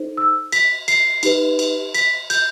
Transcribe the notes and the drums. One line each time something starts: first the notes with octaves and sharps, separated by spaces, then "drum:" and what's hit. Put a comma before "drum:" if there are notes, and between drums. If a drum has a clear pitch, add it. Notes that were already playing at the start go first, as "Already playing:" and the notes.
Already playing: D#4 A4 C5
E6
B6, drum: cymbal
C7, drum: cymbal
D#4 G4 B4, drum: cymbal
drum: cymbal
B6, drum: cymbal
G6, drum: cymbal